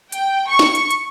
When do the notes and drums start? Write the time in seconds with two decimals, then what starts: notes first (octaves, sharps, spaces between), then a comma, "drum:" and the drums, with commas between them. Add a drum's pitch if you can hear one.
0.12 G5, drum: hi-hat
0.49 C#6
0.59 drum: snare
0.75 drum: hi-hat
0.90 drum: hi-hat